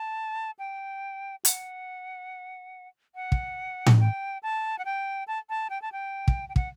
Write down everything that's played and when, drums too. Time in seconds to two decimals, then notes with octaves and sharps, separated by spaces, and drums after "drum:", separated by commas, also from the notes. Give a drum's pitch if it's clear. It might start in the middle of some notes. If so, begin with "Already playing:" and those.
Already playing: A5
0.59 G5
1.45 F#5, drum: hi-hat
3.15 F#5
3.32 drum: kick
3.86 drum: tom A2
4.00 G5
4.43 A5
4.78 F#5
4.85 G5
5.27 A5
5.49 A5
5.70 G5
5.82 A5
5.92 G5
6.28 drum: kick
6.49 G5
6.56 F#5, drum: kick